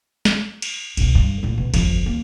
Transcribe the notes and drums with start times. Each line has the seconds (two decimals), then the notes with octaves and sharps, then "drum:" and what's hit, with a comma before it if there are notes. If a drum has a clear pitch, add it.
0.25 drum: snare
0.62 drum: cymbal
0.97 C2 B2, drum: cymbal
1.15 G2
1.43 A#2 A3
1.58 B2
1.74 G1 F2, drum: kick A#1, cymbal
2.06 A#3